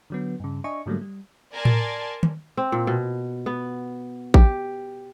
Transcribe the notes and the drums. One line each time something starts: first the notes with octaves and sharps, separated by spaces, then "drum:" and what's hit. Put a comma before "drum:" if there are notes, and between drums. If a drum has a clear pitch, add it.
D3 F#3 B3
G2 C#3
D4 D#5 E5 G#5 C#6
G#2 D3 F#3 G3 A3 A#3
G3
A#4 D5 G#5 A5 C6
drum: tom A2
drum: tom
C4
A#2
B2
B3
G4, drum: kick A1